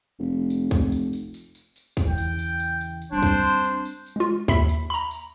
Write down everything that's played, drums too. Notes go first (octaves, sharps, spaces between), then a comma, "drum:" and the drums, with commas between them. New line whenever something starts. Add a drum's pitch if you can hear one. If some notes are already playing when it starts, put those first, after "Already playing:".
F1
drum: tambourine
drum: kick, tambourine
drum: tambourine
drum: tambourine
drum: tambourine
drum: tambourine
drum: tambourine
drum: kick, tambourine
E2 C#3 G5
drum: tambourine
drum: tambourine
drum: tambourine
drum: tambourine
drum: tambourine
G3 C4 D4 C5
drum: kick, tambourine
drum: tambourine
drum: tambourine
drum: tambourine
drum: tambourine
G#3 F4
D#2 E5 B5 B6, drum: kick, tambourine
drum: tambourine
A#5 B5
drum: tambourine